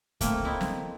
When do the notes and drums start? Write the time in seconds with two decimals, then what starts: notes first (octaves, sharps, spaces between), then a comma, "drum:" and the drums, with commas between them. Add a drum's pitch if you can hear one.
0.21 A3 A#3 C4, drum: kick C#2, hi-hat
0.45 C4 D#4 E4
0.61 drum: snare